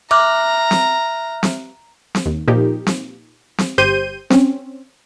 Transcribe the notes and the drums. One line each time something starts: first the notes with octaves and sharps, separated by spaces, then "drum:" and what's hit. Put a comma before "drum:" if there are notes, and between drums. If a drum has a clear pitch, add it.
E5 A#5 D6 F6 F#6
drum: snare C4
drum: snare C4
drum: snare C4
D#2
A#2 F3 A#3 D#4 G4
drum: snare C4
drum: snare C4
G1 G4 C5 C6 G6 D#7
C4 C#4, drum: snare C4